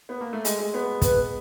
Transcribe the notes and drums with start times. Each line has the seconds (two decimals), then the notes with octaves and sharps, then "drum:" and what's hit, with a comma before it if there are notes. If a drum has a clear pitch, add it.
0.09 B3
0.21 A#3
0.33 A3
0.45 G#3, drum: hi-hat
0.59 G#3
0.74 B3
1.02 B4, drum: kick, hi-hat